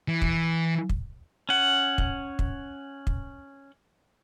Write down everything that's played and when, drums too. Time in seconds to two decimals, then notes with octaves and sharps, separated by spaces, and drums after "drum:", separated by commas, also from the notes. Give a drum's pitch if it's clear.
0.08 E3
0.22 drum: kick
0.89 drum: kick
1.49 C#4 F#5
1.98 drum: kick
2.39 drum: kick
3.07 drum: kick